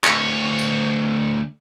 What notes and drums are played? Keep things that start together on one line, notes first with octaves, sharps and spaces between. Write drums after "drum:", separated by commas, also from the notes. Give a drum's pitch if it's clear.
D2 C#5, drum: clap
drum: tambourine